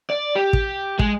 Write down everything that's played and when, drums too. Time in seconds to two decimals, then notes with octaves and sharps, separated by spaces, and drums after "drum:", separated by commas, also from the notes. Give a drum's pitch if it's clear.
0.10 D5
0.35 G4
0.53 drum: kick
0.99 G#3, drum: kick